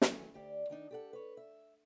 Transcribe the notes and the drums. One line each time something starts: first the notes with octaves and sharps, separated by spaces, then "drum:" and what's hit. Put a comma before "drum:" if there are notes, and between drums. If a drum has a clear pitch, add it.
D#3 E3 F#3 A3 C#4, drum: snare
D2 G4 D5
D#3 D4 D#4
G4 A4 F#5
B4 C#5
E5